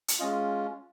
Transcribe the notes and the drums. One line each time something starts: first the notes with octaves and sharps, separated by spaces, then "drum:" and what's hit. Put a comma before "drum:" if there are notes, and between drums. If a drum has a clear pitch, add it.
drum: hi-hat
G#3 C#4 F4 D#5